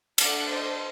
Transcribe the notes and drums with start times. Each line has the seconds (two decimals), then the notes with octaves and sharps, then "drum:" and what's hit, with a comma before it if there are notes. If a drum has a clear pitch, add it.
0.18 A3 D4 A4 D5 F#5, drum: cymbal
0.49 C5 D#5